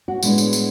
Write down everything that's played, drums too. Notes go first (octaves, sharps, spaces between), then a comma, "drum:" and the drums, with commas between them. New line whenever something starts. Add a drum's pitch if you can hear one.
F#4
A2 G#3 B3 D4, drum: tambourine
drum: tambourine
drum: tambourine